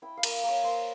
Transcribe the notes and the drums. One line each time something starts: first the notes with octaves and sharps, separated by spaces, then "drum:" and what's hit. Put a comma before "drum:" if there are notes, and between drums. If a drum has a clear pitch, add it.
E4 G5
F5
A#3, drum: cymbal
A#3 C#5
A#3 C5